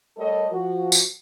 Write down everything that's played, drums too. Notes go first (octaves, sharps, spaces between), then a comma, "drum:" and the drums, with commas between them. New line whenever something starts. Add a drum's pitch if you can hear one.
G3 A3 A4 A#4 C#5 D#5
F3 F#4
drum: tambourine